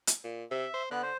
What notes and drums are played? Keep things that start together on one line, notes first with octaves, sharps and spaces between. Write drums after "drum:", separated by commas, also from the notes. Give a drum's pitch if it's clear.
drum: hi-hat
A#2
C3 E5
C5
D3 B3 F#6
C5